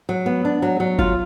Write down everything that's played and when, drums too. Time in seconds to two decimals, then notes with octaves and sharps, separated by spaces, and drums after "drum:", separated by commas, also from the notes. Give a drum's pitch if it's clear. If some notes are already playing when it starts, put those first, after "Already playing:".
0.09 F#3
0.26 B3
0.45 D4
0.62 F#3
0.80 F#3
0.99 F4, drum: kick G1